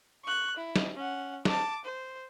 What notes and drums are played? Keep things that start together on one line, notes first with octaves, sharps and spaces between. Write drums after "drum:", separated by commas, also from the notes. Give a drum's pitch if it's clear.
C#6 F#6
E4
drum: snare
C#4 F#5
A5 D6, drum: snare
C5